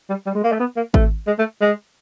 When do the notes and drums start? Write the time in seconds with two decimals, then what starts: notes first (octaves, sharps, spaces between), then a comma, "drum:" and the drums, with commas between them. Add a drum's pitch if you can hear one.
0.09 G3
0.26 G3
0.35 G#3
0.44 A#3
0.52 A3
0.60 B3
0.76 A#3
0.94 A3, drum: kick G#1
1.27 G#3
1.39 A3
1.61 G#3